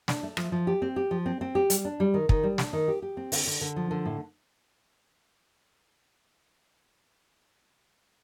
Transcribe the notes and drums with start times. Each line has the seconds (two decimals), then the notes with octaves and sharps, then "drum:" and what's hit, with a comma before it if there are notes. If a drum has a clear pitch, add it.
0.08 D4, drum: snare
0.23 A3
0.37 F3, drum: rim click
0.52 F3
0.67 G4
0.82 C4
0.96 G4
1.11 F3
1.26 C4
1.41 C4
1.55 G4
1.70 G3, drum: hi-hat
1.85 D4
2.00 G3
2.14 D#3
2.29 D#3, drum: kick
2.43 G3
2.58 D4, drum: snare
2.73 D#3
2.88 G4
3.02 G4
3.17 C4
3.32 D3, drum: open hi-hat
3.47 D3
3.61 D3
3.76 F3
3.91 D3
4.06 A2